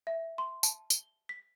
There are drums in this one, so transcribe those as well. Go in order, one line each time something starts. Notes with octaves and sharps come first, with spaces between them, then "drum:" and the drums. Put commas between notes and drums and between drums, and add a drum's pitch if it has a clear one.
E5
C6
A5, drum: tambourine
G7, drum: tambourine
B6